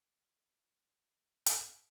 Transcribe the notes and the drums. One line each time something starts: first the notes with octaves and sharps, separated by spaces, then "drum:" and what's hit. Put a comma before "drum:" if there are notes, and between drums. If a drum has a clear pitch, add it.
A3 E4 G#4 A4 D#5
drum: hi-hat